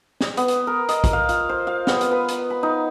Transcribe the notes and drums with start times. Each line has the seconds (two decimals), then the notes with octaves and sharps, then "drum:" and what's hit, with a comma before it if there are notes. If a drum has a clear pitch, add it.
0.21 drum: snare
0.37 B3, drum: hi-hat
0.48 drum: hi-hat
0.67 A#4
0.89 D#5, drum: hi-hat
1.04 drum: kick, hi-hat
1.13 F5
1.29 F4, drum: hi-hat
1.49 C5
1.67 F5
1.87 B3, drum: snare
2.01 drum: hi-hat
2.11 B4
2.29 drum: hi-hat
2.50 B5
2.63 D#4